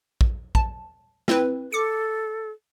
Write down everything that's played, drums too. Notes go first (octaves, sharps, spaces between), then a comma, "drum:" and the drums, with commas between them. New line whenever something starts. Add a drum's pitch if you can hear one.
drum: kick
A5, drum: kick
C4 E4 B4, drum: snare
A4 D6 C#7